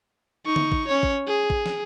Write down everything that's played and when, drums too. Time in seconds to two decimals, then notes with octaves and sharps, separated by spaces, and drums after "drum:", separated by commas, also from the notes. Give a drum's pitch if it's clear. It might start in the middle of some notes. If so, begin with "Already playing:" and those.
0.46 D#4 C#6
0.56 drum: tom
0.72 drum: kick
0.87 C#4 C#5
1.03 drum: kick
1.27 G#4
1.50 drum: kick
1.66 drum: snare